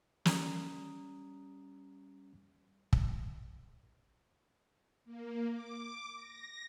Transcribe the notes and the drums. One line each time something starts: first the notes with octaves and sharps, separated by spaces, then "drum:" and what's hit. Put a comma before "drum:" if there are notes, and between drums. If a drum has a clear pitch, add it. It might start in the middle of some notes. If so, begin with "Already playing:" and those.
G3 C#4 A#5 D#6, drum: snare
drum: kick
A#3
D6
A#6